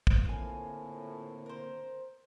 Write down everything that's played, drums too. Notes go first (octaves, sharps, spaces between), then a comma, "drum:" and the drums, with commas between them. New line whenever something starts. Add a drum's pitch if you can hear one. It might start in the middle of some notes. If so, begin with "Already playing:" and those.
drum: kick
A2 D3 A#3 C4 F4 G#5
A#4 C5